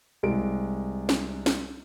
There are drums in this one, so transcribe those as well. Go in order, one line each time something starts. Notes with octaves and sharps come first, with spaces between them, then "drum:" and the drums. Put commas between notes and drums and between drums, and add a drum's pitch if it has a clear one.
C2 G#3 D7
drum: snare
drum: snare